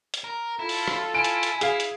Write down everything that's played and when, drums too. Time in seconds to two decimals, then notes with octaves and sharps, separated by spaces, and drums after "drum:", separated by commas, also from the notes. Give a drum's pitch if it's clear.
0.14 drum: hi-hat
0.24 A#4
0.59 E4 F4 A4
0.69 drum: open hi-hat
0.88 drum: rim click
1.14 E4 G#5 D7
1.24 drum: hi-hat
1.43 drum: hi-hat
1.61 G#4 F5, drum: hi-hat
1.80 drum: hi-hat